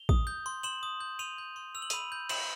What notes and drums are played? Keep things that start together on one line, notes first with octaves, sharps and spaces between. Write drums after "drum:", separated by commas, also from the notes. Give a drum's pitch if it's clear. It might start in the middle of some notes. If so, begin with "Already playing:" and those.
Already playing: F7 G7
D#6, drum: kick A1
G6
C6
C6 E7 F#7
D#6
G6
C6 D#7 F7
G6
C6
E6 F7
F#7
B5 D#7 F7, drum: hi-hat
G6
B5 E7 F#7, drum: cymbal